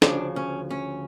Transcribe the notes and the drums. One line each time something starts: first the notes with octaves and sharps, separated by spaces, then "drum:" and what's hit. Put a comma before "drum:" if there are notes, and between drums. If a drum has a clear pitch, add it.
D2 C#3 F3 D4, drum: snare
C#4
C#4